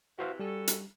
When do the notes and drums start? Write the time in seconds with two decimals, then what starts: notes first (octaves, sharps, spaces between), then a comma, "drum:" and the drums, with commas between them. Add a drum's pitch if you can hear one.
0.19 C3 E3 F#4 C5 F5
0.39 G3 C#4 F#4 A4
0.68 drum: hi-hat